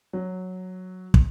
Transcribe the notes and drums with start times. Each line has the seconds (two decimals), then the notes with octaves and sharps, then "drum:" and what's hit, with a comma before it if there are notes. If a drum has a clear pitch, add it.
0.13 F#3
1.14 drum: kick